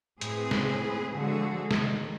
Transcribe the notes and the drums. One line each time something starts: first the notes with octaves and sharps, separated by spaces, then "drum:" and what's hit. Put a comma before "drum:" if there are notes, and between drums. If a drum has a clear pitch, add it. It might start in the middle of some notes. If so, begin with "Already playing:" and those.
A2 C4 G#4 B4, drum: hi-hat
drum: snare
D3 F3 G#3 F#4 G#4 A4
A2 D#3, drum: snare